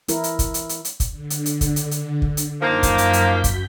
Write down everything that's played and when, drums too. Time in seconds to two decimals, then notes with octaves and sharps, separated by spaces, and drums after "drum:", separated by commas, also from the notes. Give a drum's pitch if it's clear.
0.08 E3 E4 A#4, drum: hi-hat
0.24 drum: hi-hat
0.39 drum: kick, hi-hat
0.54 drum: hi-hat
0.69 drum: hi-hat
0.85 drum: hi-hat
1.00 drum: kick, hi-hat
1.10 D3
1.30 drum: hi-hat
1.46 drum: hi-hat
1.61 drum: kick, hi-hat
1.76 drum: hi-hat
1.91 drum: hi-hat
2.22 drum: kick
2.37 drum: hi-hat
2.62 F#2 D#3 F3 A#3 G6 B6
2.83 drum: kick, hi-hat
2.98 drum: hi-hat
3.13 drum: hi-hat
3.44 drum: kick, hi-hat